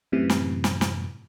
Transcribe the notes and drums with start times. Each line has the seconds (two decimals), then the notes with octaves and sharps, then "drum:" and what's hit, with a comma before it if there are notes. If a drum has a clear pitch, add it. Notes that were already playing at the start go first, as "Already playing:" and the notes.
0.12 F#2 A2 C3 E3
0.30 drum: snare
0.64 drum: snare
0.81 drum: snare